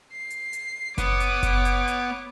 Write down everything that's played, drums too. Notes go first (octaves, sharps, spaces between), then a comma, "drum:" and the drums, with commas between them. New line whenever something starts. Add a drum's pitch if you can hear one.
C7
drum: hi-hat
drum: hi-hat
B3 C#5 D6, drum: kick F#1, hi-hat
drum: hi-hat
drum: kick F#1, hi-hat
drum: hi-hat
drum: hi-hat